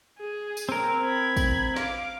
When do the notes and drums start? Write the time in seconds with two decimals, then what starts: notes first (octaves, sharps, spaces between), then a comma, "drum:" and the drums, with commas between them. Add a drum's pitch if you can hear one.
0.19 G#4
0.57 drum: tambourine
0.69 C4 A#4
1.04 B5 G#6
1.37 drum: kick, tambourine
1.76 F5 D6, drum: snare